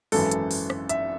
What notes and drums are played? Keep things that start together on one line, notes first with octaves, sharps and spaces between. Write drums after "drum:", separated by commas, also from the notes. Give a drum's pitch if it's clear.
G#1 F#2 E3 A4, drum: open hi-hat
drum: hi-hat
drum: open hi-hat
drum: rim click
E5, drum: hi-hat